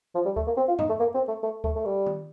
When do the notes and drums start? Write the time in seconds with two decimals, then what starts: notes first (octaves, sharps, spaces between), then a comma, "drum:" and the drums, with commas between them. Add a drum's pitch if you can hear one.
0.15 F3
0.25 G3
0.36 A3, drum: kick D2
0.47 A#3
0.57 C4
0.68 F4
0.79 D#4, drum: tom F2
0.89 A3
1.00 A#3
1.14 C4
1.28 A3
1.43 A3
1.64 A3, drum: kick D2
1.75 A3
1.85 G3
2.06 drum: tom D#3